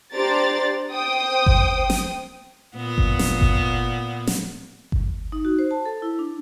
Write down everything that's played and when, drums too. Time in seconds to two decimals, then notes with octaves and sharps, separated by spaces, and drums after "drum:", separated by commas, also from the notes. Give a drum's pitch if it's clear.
0.14 D4 G4 C5 D5 A#5 A6
0.91 C5 G5 D#6
1.46 drum: kick G1
1.90 drum: snare
2.76 A#2 B3
2.98 drum: kick G1
3.19 drum: snare
3.41 drum: kick G1
4.27 drum: snare
4.92 drum: kick G1
5.32 D#4
5.45 F#4
5.59 C5
5.71 A5
5.86 A4
6.02 E4
6.19 D4